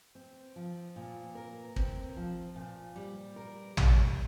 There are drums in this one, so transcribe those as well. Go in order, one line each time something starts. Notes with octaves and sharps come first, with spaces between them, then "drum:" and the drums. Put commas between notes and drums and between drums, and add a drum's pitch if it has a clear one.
C4
F3
A#2
A#4
C4, drum: kick
F3
A#2
G3
A#4
G3, drum: tom